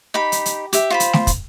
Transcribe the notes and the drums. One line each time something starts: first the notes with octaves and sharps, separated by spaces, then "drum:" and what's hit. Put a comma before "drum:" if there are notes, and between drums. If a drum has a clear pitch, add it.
D#4 G4 B5
drum: hi-hat
drum: hi-hat
G4 E5, drum: hi-hat
F4 C5 B5
drum: hi-hat
drum: snare A3
drum: kick, hi-hat